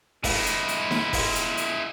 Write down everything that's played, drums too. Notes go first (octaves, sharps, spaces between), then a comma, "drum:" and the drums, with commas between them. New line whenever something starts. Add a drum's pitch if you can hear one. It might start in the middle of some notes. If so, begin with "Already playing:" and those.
G#3 E4, drum: kick, open hi-hat
drum: hi-hat
drum: hi-hat
drum: snare D#4
drum: kick, open hi-hat
drum: hi-hat
drum: hi-hat